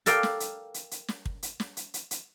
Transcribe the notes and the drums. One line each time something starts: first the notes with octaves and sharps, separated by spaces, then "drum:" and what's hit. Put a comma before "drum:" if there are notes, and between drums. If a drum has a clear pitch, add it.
A4 A#4 D5 F5 G5, drum: hi-hat
drum: snare
drum: hi-hat
drum: hi-hat
drum: hi-hat
drum: snare
drum: kick
drum: hi-hat
drum: snare
drum: hi-hat
drum: hi-hat
drum: hi-hat